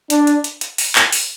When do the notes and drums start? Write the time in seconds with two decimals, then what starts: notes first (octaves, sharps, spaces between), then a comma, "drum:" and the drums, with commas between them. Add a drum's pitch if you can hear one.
0.10 D4, drum: hi-hat
0.27 drum: hi-hat
0.44 drum: hi-hat
0.61 drum: hi-hat
0.78 drum: open hi-hat
0.95 drum: clap
1.12 drum: open hi-hat